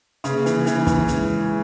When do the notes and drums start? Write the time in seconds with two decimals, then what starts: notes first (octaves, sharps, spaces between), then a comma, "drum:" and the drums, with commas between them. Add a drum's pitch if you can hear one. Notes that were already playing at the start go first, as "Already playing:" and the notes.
0.24 C#3 A#3 C#4 G#4 B4 E5, drum: hi-hat
0.46 E3, drum: hi-hat
0.66 E3, drum: hi-hat
0.87 E3, drum: kick, hi-hat
1.08 G#3 C#4 E4 B4 E5, drum: hi-hat